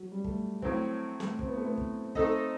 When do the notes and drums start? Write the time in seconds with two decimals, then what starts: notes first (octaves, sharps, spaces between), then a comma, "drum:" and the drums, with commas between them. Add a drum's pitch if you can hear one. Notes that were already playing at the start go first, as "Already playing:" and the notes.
Already playing: F#3
0.12 G3
0.24 A3, drum: kick
0.62 A2 F#3 A3 C4, drum: kick
1.20 A3, drum: snare
1.39 C4, drum: kick
1.48 B3
1.57 A3
1.66 B3
1.77 drum: kick
2.15 A3 C4 D#4 A4 D#5, drum: kick